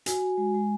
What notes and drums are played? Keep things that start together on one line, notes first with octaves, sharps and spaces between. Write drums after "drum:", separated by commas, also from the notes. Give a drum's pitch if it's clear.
F#4 G#5, drum: hi-hat
F#4
G#3 G#5
G#3 G#5